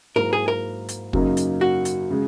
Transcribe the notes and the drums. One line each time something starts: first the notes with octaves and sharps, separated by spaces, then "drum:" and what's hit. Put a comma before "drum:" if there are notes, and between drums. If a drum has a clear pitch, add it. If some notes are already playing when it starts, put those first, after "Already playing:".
G#2 F#3 A#3 E4 A#4
G#4
A#4
drum: hi-hat
F#2 C#3 F#3 A#3 D#4, drum: kick
drum: hi-hat
F#4
drum: hi-hat
C#3 G#3